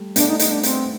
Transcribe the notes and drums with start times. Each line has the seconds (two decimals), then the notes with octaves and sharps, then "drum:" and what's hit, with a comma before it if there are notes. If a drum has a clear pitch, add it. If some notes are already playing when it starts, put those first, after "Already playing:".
Already playing: G3 A3
0.16 A3 B3 D4, drum: hi-hat
0.28 D#4
0.39 D#4, drum: hi-hat
0.52 D4
0.63 C4, drum: hi-hat